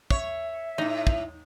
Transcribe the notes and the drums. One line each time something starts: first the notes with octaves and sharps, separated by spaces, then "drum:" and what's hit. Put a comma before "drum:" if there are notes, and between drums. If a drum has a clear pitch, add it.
C#5 E5, drum: kick
D#2 A2 D#4
drum: kick